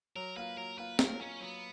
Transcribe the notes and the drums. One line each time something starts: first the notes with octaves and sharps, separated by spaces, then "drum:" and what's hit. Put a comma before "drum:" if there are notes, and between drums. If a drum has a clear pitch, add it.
F#3 A#4
A#3 F4 B4
F#3 A#4
A#3 F4 B4
F#3 A#4, drum: snare
A#3 C#4 F4
F#3 B3